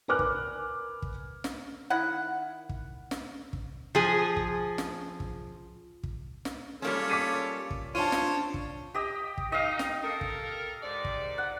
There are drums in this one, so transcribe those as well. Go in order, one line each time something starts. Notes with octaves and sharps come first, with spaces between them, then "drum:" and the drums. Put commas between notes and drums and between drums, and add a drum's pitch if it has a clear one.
A#4 B4 G#5 D6 F6 F#6
drum: kick
drum: kick
drum: snare
D#3 E4 F#5
drum: kick
drum: snare
drum: kick
F3 G#4
drum: kick
drum: snare
drum: kick
drum: kick
drum: snare
G3 A#3 C#4 F4 A4 C#5
D6 B6 D#7
drum: kick
D4 F4 C5 C#5 A5 D#7
drum: snare
drum: kick
G4 D#5
drum: kick
D#4 D#5 F5
drum: snare
A4 A#4
drum: kick
G#2 D5
drum: kick
F#5